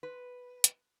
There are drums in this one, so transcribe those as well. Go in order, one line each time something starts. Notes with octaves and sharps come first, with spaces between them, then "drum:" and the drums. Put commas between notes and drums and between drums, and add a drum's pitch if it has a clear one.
B4
drum: hi-hat